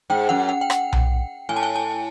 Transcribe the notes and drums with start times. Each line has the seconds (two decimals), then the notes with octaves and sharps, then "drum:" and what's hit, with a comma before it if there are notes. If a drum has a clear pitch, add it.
0.10 G#2 G5
0.29 F#2 F#5
0.49 F#5
0.61 G5
0.70 F#5, drum: rim click
0.93 drum: tom B1
1.49 A2 G#5
1.56 A5
1.63 G#5
1.76 A5